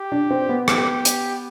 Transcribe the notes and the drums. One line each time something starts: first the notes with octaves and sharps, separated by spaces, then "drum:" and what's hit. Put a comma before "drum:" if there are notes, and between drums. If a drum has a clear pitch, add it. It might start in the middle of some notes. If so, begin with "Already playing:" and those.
Already playing: G4
D4
C4
B3
G4, drum: rim click
drum: hi-hat